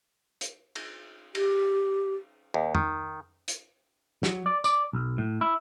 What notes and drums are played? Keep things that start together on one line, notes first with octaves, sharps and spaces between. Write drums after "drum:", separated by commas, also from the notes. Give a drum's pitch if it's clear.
drum: hi-hat
drum: cymbal
G4, drum: cymbal
D#2
D#3, drum: tom F2
drum: hi-hat
F#3, drum: snare
D5
D5, drum: tambourine
B1
A2
E4